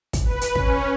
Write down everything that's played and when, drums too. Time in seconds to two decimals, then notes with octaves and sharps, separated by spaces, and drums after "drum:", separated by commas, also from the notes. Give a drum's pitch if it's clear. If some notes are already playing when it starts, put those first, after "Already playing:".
0.13 drum: kick, hi-hat
0.22 B4
0.41 drum: hi-hat
0.55 C#4, drum: kick